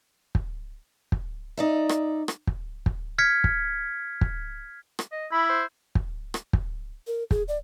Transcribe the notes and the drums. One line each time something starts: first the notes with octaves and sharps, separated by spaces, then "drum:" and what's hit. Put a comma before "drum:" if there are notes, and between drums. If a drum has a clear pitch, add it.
drum: kick
drum: kick
D#4 D5 E5
drum: rim click
drum: rim click
drum: kick
drum: kick
F6 G#6 B6 C#7
drum: kick
drum: kick
drum: rim click
D#5
E4 B5
C5
drum: kick
drum: rim click
drum: kick
A#4
G#4, drum: kick
D5